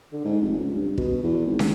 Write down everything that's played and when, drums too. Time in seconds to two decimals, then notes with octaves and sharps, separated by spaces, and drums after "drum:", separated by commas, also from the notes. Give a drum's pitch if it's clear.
0.12 D3
0.25 G#2
0.41 F1
0.59 C#2
0.73 G2
0.98 B2, drum: kick
1.23 E2
1.46 G#1
1.59 F1, drum: snare